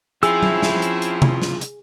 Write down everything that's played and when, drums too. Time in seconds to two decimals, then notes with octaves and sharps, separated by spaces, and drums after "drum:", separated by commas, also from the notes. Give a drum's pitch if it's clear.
0.23 F3 C4 C#4 E4 G#4 E6, drum: hi-hat
0.43 drum: tom F#3
0.62 drum: snare
0.82 drum: hi-hat
1.02 drum: hi-hat
1.22 drum: tom C3
1.42 drum: snare
1.61 drum: hi-hat